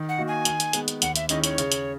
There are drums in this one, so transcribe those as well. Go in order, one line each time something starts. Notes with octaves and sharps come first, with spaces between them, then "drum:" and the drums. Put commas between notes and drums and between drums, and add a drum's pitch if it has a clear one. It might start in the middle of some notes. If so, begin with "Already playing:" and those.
Already playing: D#3
F#5
A#3 D#4 F#4
G#5
D#3, drum: hi-hat
drum: hi-hat
G#3 B3, drum: hi-hat
drum: hi-hat
D#2 F#5, drum: hi-hat
E5, drum: hi-hat
D#3 G#3 C#4 E4 D#5, drum: hi-hat
C#5, drum: hi-hat
C#3, drum: hi-hat
drum: hi-hat